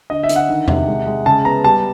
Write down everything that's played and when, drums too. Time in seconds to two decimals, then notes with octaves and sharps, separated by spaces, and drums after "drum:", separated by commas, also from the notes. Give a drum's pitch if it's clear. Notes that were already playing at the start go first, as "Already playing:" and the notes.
0.10 D3 D#5
0.23 E5
0.29 D3, drum: hi-hat
0.36 F#5
0.49 D#3
0.68 C3, drum: tom E2
0.87 G#3
1.07 G#3
1.26 C#3 A5
1.45 B3 A#5
1.64 G3 A5